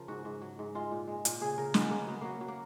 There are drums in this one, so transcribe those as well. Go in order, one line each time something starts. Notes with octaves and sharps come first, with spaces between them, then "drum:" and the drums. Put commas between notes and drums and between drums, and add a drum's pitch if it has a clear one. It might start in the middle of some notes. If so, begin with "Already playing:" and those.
Already playing: C#3 F3 A#4
G#2 F#4
G#2
F#3
G#2
G#3 F4
A#2
G#3
A#2, drum: hi-hat
C#3 G#4
C#3 A#4
G#3 B3, drum: snare
C#3 A#3
F#3 B3
F#3 A#3
F#3
A#3